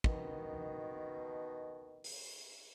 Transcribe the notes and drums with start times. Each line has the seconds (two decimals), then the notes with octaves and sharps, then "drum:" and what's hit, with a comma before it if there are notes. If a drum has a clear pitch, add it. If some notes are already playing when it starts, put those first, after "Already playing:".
0.04 B2 D#3, drum: kick
2.04 drum: open hi-hat